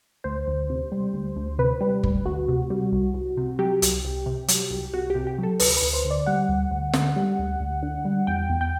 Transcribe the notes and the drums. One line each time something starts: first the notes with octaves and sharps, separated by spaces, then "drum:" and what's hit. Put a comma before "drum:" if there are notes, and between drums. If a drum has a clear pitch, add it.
D2 C5
D2
C3
G3
D2
D2
C3 B4
G3
D2, drum: kick G1
D2 F#4
C3
G3
C2
C2
C3
F#3 G4
C2, drum: hi-hat
C2
C3
F#3, drum: hi-hat
C2
C2 F#4
G4
C3
G4
F#3 A4
D2 B4, drum: open hi-hat
B4
D2
C5
D3
D5
G3 F#5
D2
D2
D3, drum: snare
G3
D2
D2
D3
G3
E2 G5
E2
G5